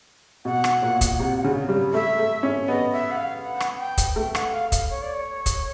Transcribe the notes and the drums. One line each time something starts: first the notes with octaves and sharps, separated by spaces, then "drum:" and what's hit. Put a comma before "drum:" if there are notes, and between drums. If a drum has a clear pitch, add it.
B2 F#5
drum: rim click
A#2
drum: kick, hi-hat
C3
C#3
G3
A3 E5
A3
C#4
B3 D#5
E5
F#5
F5
F#5
drum: rim click
G5
drum: kick, hi-hat
A3 G5
F#5, drum: rim click
F5
F5, drum: kick, hi-hat
C#5
D5
C#5
drum: kick, hi-hat